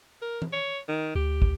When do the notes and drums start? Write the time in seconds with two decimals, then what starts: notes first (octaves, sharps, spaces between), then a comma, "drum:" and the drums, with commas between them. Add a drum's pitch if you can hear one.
0.22 A#4
0.42 drum: tom E3
0.53 C#5
0.88 D#3
1.15 D2 G4
1.42 drum: kick